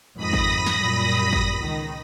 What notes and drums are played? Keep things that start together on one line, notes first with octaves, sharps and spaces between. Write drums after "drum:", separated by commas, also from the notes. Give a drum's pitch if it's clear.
F2 G#2 D#3 B5 D#6 A#6
drum: kick G#1
drum: snare
F#2 A#2 G3
drum: kick G#1
C#2 D#3